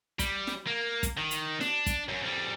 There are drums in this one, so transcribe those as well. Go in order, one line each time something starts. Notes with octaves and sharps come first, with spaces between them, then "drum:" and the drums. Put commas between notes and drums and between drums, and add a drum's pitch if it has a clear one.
G3, drum: kick, hi-hat
drum: snare
A#3
drum: kick, hi-hat
D#3
drum: hi-hat
D4, drum: snare
drum: kick, hi-hat
F#2
F2 G3